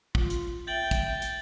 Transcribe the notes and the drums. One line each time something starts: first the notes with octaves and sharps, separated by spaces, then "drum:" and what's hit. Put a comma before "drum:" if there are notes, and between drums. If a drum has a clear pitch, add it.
F4, drum: kick
drum: hi-hat
E5 G5 G6 A6 F#7
drum: kick, hi-hat
drum: hi-hat